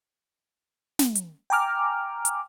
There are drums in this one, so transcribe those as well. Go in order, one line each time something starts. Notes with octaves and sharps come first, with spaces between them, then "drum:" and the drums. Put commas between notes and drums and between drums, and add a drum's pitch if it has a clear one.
drum: snare
drum: hi-hat
G5 G#5 A#5 D6 F6
drum: hi-hat